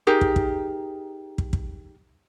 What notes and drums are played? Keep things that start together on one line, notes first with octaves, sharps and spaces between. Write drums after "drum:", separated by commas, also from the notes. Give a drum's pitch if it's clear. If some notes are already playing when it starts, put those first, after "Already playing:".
D#4 G4 G#4 A#4
drum: kick
drum: kick
drum: kick
drum: kick